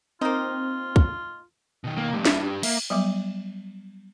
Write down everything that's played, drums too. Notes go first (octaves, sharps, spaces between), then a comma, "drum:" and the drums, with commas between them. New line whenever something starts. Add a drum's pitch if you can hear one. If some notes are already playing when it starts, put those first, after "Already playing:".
A#3 C4 D#4 F4
drum: kick
B2 D#3
A#3
G2 F3 A3
E5, drum: snare
D4 G4
A#3 E5, drum: cymbal
F#3 G3 B3 E5 D6